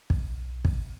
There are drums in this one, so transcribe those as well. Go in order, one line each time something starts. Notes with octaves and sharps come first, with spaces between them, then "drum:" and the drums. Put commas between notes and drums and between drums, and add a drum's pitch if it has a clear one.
B1, drum: kick
drum: kick